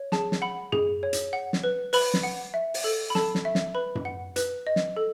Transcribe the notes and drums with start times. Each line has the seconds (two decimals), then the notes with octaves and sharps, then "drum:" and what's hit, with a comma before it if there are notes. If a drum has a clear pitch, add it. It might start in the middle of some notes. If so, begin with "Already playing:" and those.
Already playing: C#5
0.12 G#4 A5, drum: snare
0.32 drum: snare
0.42 F#5 B5
0.72 G#4, drum: tom F#2
1.03 C#5
1.13 drum: hi-hat
1.33 F#5
1.53 drum: snare
1.64 B4
1.93 B4 B5, drum: open hi-hat
2.14 drum: snare
2.23 F#5
2.54 E5
2.74 drum: open hi-hat
2.84 A4
3.10 B5
3.15 A4 A5, drum: snare
3.35 drum: snare
3.45 E5
3.55 drum: snare
3.75 B4 B5
3.95 drum: tom F#2
4.05 F#5
4.36 B4, drum: hi-hat
4.67 D#5
4.76 drum: snare
4.97 A4